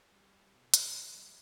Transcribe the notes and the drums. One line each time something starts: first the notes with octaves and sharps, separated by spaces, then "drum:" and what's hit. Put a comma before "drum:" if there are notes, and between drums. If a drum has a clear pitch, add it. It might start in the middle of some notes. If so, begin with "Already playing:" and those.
G3
G3
B2
B2, drum: hi-hat
F#3
G3